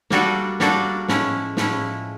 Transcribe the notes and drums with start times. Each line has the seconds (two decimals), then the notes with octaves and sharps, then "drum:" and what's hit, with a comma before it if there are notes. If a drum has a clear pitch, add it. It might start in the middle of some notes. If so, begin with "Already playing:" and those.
0.10 G3 A#3 D4 F#4 A4, drum: snare
0.60 G3 A#3 D4 F#4 A4, drum: snare
1.08 A2 F3 G#3 C#4 E4, drum: snare
1.57 A2 F3 G#3 C#4 E4, drum: snare